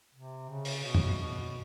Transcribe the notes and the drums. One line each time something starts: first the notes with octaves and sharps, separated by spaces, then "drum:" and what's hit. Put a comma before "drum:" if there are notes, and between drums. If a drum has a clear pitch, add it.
C3
C#3
drum: open hi-hat
B2
drum: tom
B2